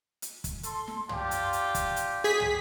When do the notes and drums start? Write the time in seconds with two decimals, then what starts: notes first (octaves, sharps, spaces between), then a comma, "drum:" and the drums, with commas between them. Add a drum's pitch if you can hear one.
0.22 drum: hi-hat
0.44 drum: kick, hi-hat
0.63 A4 C6, drum: hi-hat
0.88 drum: snare
1.09 D4 F4 G4, drum: tom
1.31 drum: hi-hat
1.53 drum: hi-hat
1.75 drum: kick, hi-hat
1.96 drum: hi-hat
2.24 G#4 B6
2.40 drum: tom